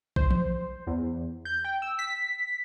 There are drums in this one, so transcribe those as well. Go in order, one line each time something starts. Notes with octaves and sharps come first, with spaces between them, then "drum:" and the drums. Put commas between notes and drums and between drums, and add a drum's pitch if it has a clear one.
C5, drum: kick B1
drum: tom E3
E2
G6
G5
E6
B6